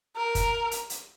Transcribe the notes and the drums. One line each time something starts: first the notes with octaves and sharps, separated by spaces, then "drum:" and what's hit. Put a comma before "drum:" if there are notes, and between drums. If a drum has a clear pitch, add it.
A#4
drum: kick, hi-hat
drum: hi-hat
drum: hi-hat